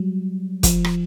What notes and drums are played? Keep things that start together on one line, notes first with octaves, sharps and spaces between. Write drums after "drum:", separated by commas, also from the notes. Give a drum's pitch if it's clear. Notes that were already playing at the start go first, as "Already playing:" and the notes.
Already playing: F#3 G3
F3, drum: kick, hi-hat
drum: rim click